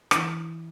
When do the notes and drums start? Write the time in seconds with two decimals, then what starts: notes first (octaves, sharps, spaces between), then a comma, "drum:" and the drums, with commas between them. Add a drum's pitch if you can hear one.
0.11 E3, drum: rim click